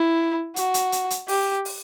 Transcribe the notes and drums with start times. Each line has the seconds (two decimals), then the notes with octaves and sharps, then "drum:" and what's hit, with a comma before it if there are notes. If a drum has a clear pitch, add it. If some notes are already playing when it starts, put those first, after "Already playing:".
Already playing: E4
0.56 F#4, drum: hi-hat
0.74 drum: hi-hat
0.92 drum: hi-hat
1.10 drum: hi-hat
1.28 G4, drum: open hi-hat
1.65 drum: open hi-hat